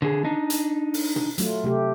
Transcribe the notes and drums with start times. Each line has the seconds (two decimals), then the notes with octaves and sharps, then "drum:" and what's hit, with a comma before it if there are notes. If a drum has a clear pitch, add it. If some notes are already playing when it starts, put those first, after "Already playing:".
0.02 D3 G#4
0.25 D4 D#4
0.50 drum: hi-hat
0.94 drum: open hi-hat
1.16 drum: tom
1.38 F#3 A3 F4, drum: hi-hat
1.64 C3 A3 G4